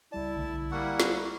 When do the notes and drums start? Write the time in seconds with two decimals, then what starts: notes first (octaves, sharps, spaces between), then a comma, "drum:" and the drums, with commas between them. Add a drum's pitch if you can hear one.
0.12 C#2 G3 E4 D5 A5
0.36 B1 D3 A3
0.72 G3 A#3 F#5 C#6 F6 B6
1.00 drum: snare